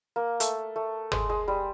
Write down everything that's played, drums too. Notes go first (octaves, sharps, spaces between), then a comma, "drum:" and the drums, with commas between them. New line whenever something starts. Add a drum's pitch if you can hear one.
A#3
A3, drum: hi-hat
A3
G#3, drum: tom
G#3
G3